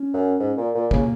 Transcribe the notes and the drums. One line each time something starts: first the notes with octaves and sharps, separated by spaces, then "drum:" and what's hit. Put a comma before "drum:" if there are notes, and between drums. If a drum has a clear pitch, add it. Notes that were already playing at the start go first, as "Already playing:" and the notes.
Already playing: C#4
F#2
G#2
A#2
A#2
C#3 A#3, drum: kick